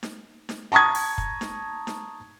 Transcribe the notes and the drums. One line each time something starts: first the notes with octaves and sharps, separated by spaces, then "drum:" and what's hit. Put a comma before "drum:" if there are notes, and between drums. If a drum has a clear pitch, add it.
drum: snare D#4
drum: snare D#4
A5 A#5 C#6 D#6 G#6
drum: open hi-hat
drum: kick
drum: snare D#4
drum: snare D#4